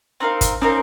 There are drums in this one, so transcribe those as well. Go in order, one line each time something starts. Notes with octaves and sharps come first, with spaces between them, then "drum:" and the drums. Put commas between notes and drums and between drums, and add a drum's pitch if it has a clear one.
C4 D#4 A#4 F5
drum: kick G1, hi-hat
C4 C#4 D#4 A#4 F5